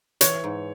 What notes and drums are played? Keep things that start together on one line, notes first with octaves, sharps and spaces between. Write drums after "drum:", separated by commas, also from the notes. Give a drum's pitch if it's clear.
E3 C#5, drum: hi-hat
G#2